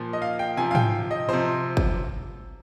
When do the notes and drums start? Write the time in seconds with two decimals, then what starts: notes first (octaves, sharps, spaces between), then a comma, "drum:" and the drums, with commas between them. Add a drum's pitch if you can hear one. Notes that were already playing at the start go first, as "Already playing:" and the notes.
Already playing: A#2 F3
0.13 D#5
0.22 F5
0.39 G5
0.57 C3 F3 G#5
0.71 F5
0.75 G5, drum: tom
1.11 D#5
1.29 C3 F3 C5
1.77 drum: kick